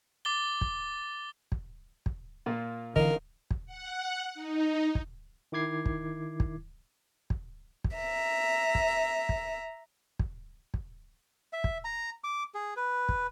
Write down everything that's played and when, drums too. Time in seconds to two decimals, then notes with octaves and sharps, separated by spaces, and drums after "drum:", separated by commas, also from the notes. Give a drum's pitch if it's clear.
0.25 D6 A6 G7
0.61 drum: kick
1.52 drum: kick
2.06 drum: kick
2.46 A#2 A#3 F4
2.96 D3 E3 A#4 D#5 F5, drum: kick
3.51 drum: kick
3.66 F#5
4.35 D#4
4.95 drum: kick
5.52 D#3 E4 D6 G#6 C7
5.86 drum: kick
6.40 drum: kick
7.30 drum: kick
7.84 drum: kick
7.95 E5 A#5
8.75 drum: kick
9.29 drum: kick
10.19 drum: kick
10.74 drum: kick
11.53 E5
11.64 drum: kick
11.85 A#5
12.24 D6
12.54 G#4
12.77 B4
13.09 drum: kick